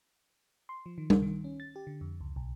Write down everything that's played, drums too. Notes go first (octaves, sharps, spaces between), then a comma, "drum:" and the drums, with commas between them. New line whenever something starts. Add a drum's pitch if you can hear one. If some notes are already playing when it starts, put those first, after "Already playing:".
C6
F3
D#3
C2, drum: tom G3
D#3
C#4
A6
G4
D3
F2
C#2
B1